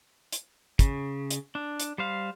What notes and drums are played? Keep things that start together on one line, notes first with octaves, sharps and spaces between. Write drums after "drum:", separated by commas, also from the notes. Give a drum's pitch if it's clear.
drum: hi-hat
C#3, drum: kick, hi-hat
drum: hi-hat
D4
drum: hi-hat
G3 C5 F5